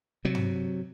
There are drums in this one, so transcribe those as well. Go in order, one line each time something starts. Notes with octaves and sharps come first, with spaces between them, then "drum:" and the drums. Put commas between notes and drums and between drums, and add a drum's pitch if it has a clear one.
C3 F#3
drum: tom G2